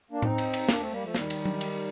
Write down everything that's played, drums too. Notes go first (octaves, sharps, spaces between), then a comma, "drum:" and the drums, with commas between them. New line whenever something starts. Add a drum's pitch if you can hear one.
A#3 D4
C4 D#4, drum: tom A2
drum: cymbal
drum: cymbal
A#3 D4, drum: snare
A3 C4
G3 A#3
F3 A3
D#3 G3, drum: snare
drum: cymbal
drum: tom F#3
drum: cymbal